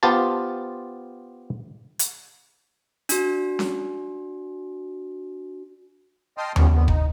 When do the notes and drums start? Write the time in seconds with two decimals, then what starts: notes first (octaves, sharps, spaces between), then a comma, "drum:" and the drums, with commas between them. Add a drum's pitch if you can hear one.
0.03 B3 F4 G4 C5 A5
1.99 drum: hi-hat
3.09 D4 F#4, drum: hi-hat
3.59 drum: snare C#4
6.38 D#5 G5 A5 C6 D#6 F6
6.56 C3 D#3 F3 G3 B3 C#4, drum: tom D#2
6.74 F2 D3 B3
6.88 D#4, drum: kick